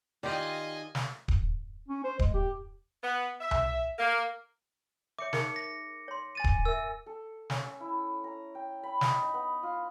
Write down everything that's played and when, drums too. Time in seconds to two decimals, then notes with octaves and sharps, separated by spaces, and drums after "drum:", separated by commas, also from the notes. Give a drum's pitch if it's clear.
0.23 D#3 F4 G4 D5 D#5 G#5
0.95 drum: snare
1.28 drum: kick D1
1.88 C#4
2.04 C5
2.19 G#3, drum: kick D1
2.34 G4
3.03 B3
3.41 E5
3.51 drum: tom C2
3.99 A#3
5.19 C#5 E5 D6 C#7
5.33 D#4 G#4 A#4 C#7, drum: snare
5.56 A#6
6.08 C#5 C6
6.35 G#5 A6 D#7
6.44 drum: kick D1
6.65 A#4 E5 E6
7.06 A4
7.50 C#4, drum: snare
7.65 E6
7.80 E4
8.24 A#5
8.55 G5
8.83 B5
9.01 D#5, drum: snare
9.21 D#4
9.34 B3
9.63 F4